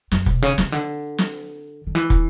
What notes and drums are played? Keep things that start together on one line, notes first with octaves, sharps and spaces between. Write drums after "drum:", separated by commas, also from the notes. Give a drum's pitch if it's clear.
F#2, drum: snare
B2, drum: kick
C#3
C#3, drum: snare
D3
drum: snare
D3
E3
drum: kick